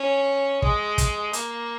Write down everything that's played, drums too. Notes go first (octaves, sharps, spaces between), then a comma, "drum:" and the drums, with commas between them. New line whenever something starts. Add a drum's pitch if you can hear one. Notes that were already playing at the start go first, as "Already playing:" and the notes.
Already playing: C#4
G#3, drum: kick
drum: kick, hi-hat
A#3, drum: hi-hat